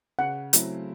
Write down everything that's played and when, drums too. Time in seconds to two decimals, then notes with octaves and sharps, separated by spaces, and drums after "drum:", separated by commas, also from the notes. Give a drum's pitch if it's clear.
0.19 C#3 F#5
0.53 F#3 A3 C4 E4, drum: hi-hat